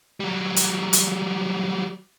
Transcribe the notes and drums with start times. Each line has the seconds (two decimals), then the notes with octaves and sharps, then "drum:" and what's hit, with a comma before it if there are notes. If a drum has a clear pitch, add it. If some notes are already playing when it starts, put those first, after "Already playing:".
0.20 F#3 G3
0.56 drum: hi-hat
0.93 drum: hi-hat